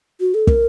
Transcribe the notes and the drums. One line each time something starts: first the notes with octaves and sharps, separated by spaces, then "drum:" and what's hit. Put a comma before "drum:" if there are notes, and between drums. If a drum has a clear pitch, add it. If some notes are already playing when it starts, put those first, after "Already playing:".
F#4
A4
A#4, drum: kick